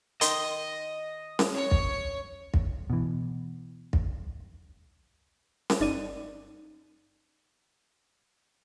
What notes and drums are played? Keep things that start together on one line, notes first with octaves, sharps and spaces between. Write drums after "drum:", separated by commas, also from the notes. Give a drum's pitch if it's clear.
D#3 D#5 C6, drum: hi-hat
drum: snare C#4
C#5
drum: kick
drum: kick
B2 E3
drum: kick
drum: snare C#4
G1 D#4 D5 D#7